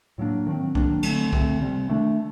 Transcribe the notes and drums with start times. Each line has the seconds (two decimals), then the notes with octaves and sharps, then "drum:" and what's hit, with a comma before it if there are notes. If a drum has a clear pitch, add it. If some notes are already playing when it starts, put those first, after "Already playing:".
0.18 A2 F#3 A#3 D4
0.47 D#3 F#3 C4
0.75 D#3 F#3 A#3 D4, drum: kick
1.03 D3 F#3 A3 C4, drum: cymbal
1.33 D3 A3 C4, drum: kick
1.61 C3 G3 C4
1.89 D#3 A3 D4